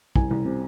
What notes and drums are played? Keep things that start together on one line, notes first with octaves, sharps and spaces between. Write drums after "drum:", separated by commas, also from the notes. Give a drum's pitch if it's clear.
C2 G#5, drum: kick
C2
C3